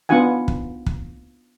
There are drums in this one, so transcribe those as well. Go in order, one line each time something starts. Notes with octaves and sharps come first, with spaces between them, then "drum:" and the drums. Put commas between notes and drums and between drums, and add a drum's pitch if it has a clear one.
B3 D4 D#4 F4 F#5 G#5
drum: kick
drum: kick